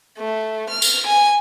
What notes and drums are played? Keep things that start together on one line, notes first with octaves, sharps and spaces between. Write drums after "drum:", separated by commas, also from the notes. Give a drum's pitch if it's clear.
A3
F6
drum: tambourine
G#5